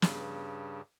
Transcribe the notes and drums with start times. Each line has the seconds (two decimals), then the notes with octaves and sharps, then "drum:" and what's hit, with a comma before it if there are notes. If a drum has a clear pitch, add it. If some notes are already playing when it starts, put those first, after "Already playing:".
0.02 G2 C#3, drum: snare